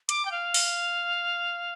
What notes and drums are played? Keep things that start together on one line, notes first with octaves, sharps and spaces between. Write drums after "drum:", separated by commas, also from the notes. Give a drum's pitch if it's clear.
D6, drum: hi-hat
G5
F5
drum: open hi-hat